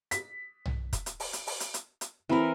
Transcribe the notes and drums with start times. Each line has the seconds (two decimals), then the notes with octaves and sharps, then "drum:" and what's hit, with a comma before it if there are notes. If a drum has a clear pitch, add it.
0.11 B6, drum: hi-hat
0.65 drum: tom
0.93 drum: kick, hi-hat
1.06 drum: hi-hat
1.20 drum: open hi-hat
1.33 drum: hi-hat
1.47 drum: open hi-hat
1.60 drum: hi-hat
1.74 drum: hi-hat
2.01 drum: hi-hat
2.29 E3 C4 A#4 B5